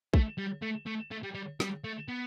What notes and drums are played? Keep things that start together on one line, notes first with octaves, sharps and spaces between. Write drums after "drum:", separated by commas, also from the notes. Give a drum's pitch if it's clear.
A3, drum: kick
G3
A3
A3
A3
G3
G3
G3, drum: snare
A3
B3